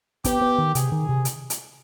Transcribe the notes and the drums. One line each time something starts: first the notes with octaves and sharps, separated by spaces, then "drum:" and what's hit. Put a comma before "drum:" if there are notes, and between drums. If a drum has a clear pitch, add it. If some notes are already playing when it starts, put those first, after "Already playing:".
B3 G4, drum: kick, hi-hat
B3
D#3
C3 G#4, drum: hi-hat
D#3
C3
drum: hi-hat
drum: hi-hat